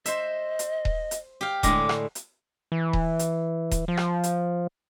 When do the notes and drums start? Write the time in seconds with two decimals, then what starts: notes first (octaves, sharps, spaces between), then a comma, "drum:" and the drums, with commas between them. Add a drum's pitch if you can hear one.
0.06 C5 D#5 E5, drum: hi-hat
0.59 drum: hi-hat
0.85 drum: kick D#1
1.11 drum: hi-hat
1.41 G4 F5
1.63 A2 D3 G#3 D6, drum: kick D#1, hi-hat
1.89 drum: rim click
2.15 drum: hi-hat
2.72 E3
2.93 drum: kick D#1
3.19 drum: hi-hat
3.71 drum: kick D#1, hi-hat
3.88 F3
3.97 drum: rim click
4.23 drum: hi-hat